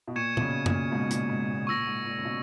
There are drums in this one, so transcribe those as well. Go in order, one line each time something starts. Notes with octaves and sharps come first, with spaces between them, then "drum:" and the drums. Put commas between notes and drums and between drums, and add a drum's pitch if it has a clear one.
B2
A#2 C#6 G#6 C#7 E7
B2, drum: tom
A#2 C#3
A#2 C#3, drum: tom
G#2 B2
A#2, drum: hi-hat
G#2
A#2
A#2 C#6 E6 A#6
G#2
A#2
C#3
B2